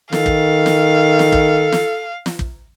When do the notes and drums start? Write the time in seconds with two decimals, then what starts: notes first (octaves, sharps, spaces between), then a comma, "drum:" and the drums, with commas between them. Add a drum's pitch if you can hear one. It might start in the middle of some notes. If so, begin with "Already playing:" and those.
0.12 D#3 A4 F5, drum: snare
0.26 drum: kick
0.66 drum: snare
1.19 drum: snare
1.32 drum: kick
1.72 drum: snare
2.26 drum: snare
2.39 drum: kick